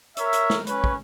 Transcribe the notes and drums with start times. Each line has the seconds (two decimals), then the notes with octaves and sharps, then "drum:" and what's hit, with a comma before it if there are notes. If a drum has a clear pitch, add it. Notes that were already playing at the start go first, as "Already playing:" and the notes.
0.17 A#4 C#5 E5, drum: hi-hat
0.33 drum: hi-hat
0.50 drum: snare
0.67 C#4 B4 C#5, drum: hi-hat
0.84 drum: kick